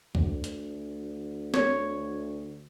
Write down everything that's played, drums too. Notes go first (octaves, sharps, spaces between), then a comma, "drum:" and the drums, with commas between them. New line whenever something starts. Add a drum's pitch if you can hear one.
D2, drum: kick C#2
drum: hi-hat
C#5, drum: snare